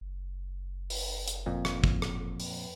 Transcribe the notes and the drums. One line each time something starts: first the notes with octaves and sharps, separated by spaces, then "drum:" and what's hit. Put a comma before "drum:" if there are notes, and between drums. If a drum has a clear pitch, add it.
F#1
drum: open hi-hat
drum: hi-hat
F2 A#2
drum: rim click
drum: kick
drum: rim click
drum: open hi-hat